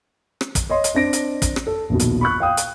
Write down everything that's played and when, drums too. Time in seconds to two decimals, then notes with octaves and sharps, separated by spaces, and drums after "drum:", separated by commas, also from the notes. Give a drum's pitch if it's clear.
0.41 drum: rim click
0.55 drum: kick, hi-hat
0.70 C#5 D#5 C6
0.84 drum: hi-hat
0.94 C4 D4 A#6 D7
1.13 drum: hi-hat
1.42 drum: kick, hi-hat
1.56 drum: rim click
1.67 A4
1.89 A#1 D#2 B2
1.99 drum: hi-hat
2.21 B5 C#6 F#6
2.40 F5 G5 D#6
2.57 drum: hi-hat